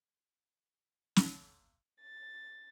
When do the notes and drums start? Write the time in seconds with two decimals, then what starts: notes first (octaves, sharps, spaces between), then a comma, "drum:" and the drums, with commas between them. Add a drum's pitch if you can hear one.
1.16 drum: snare
2.00 A6